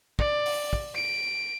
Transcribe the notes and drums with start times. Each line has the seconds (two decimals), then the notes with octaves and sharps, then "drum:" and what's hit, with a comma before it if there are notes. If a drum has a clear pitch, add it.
0.19 D5, drum: kick
0.46 drum: open hi-hat
0.73 drum: kick
0.95 D7